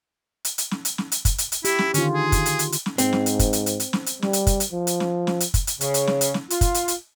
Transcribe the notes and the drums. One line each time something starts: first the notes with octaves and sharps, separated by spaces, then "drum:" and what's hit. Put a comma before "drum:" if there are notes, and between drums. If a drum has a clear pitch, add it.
drum: hi-hat
drum: hi-hat
drum: snare
drum: hi-hat
drum: snare
drum: hi-hat
drum: kick, hi-hat
drum: hi-hat
drum: hi-hat
E4 G4, drum: hi-hat
drum: snare
D3 D#3 C#4 F4, drum: hi-hat
G#4
drum: kick, hi-hat
drum: hi-hat
drum: hi-hat
drum: hi-hat
drum: snare
G#2 C4, drum: hi-hat
drum: snare
drum: hi-hat
drum: kick, hi-hat
drum: hi-hat
drum: hi-hat
drum: hi-hat
drum: snare
drum: hi-hat
G3, drum: snare
drum: hi-hat
drum: kick, hi-hat
drum: hi-hat
F3
drum: hi-hat
drum: snare
drum: snare
drum: hi-hat
drum: kick, hi-hat
drum: hi-hat
C#3, drum: hi-hat
drum: hi-hat
drum: snare
drum: hi-hat
drum: snare
F4, drum: hi-hat
drum: kick, hi-hat
drum: hi-hat
drum: hi-hat